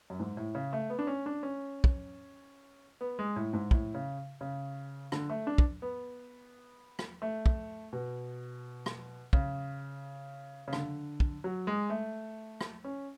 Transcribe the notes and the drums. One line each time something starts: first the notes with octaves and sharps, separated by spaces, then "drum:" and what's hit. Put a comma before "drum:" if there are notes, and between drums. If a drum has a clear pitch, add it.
F#2
G#2
A2
C#3
A3
B3
D4
C#4
D4
C#4
drum: kick
B3
G#3
A2
G#2
A2, drum: kick
C#3
C#3
D3, drum: rim click
A3
D4
drum: kick
B3
drum: rim click
A3
drum: kick
B2
drum: rim click
C#3, drum: kick
C#3
D3, drum: rim click
drum: kick
F#3
G#3
A3
drum: rim click
C#4